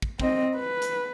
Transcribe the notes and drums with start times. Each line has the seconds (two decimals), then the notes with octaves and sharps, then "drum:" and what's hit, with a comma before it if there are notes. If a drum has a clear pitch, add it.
0.02 drum: kick
0.19 C4 D#5, drum: kick
0.56 B4
0.82 drum: hi-hat